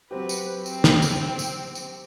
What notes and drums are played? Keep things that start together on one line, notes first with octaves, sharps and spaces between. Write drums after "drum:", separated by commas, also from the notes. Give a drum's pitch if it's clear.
F#3 C4 G4 B4
drum: tambourine
C4, drum: tambourine
drum: snare
drum: tambourine
drum: tambourine
drum: tambourine